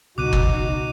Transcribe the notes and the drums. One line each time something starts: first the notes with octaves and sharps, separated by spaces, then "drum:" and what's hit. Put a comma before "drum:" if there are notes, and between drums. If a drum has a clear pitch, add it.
C#2 B2 D#4 F#4 D6 F#6 D#7
drum: kick